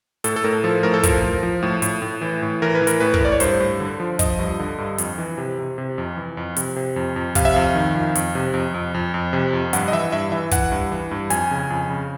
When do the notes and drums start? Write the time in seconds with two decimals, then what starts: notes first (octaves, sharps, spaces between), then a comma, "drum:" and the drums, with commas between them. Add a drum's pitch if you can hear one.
0.24 A2 A4, drum: hi-hat
0.36 A4
0.44 A2 A#4
0.64 F3 A4
0.83 A2 A#4
0.94 A4
1.03 F3 A#4, drum: kick, hi-hat
1.24 F3
1.43 F3
1.62 A2
1.82 A2, drum: hi-hat
2.02 A2
2.21 E3
2.42 A2
2.62 E3 A#4
2.75 B4
2.82 E3
2.87 A#4, drum: hi-hat
3.00 A2 B4
3.14 A#4, drum: kick
3.21 A2 D5
3.32 C#5
3.40 G2 C5, drum: hi-hat
3.60 G2
3.80 D3
4.00 F3
4.19 F3 D#5, drum: kick, hi-hat
4.39 G2
4.60 D3
4.78 G2
4.98 F2, drum: hi-hat
5.18 E3
5.38 C3
5.59 C3
5.78 C3
5.98 F2
6.17 E3
6.37 F2
6.57 C3, drum: hi-hat
6.76 C3
6.96 F2
7.16 F2
7.35 C3 F5, drum: kick, hi-hat
7.45 E5
7.54 F2 F5
7.75 D#3
7.95 F2
8.15 F2, drum: hi-hat
8.35 C3
8.54 F2
8.74 F2
8.94 F2
9.14 F2
9.33 C3
9.53 F2
9.73 G2 F#5, drum: hi-hat
9.88 D#5
9.92 E3 E5
10.12 G2 E5
10.32 E3 E5
10.51 E3 F#5, drum: kick, hi-hat
10.72 G2
10.92 E3
11.11 G2
11.30 F2 G#5, drum: hi-hat
11.51 C#3
11.70 F2
11.90 C#3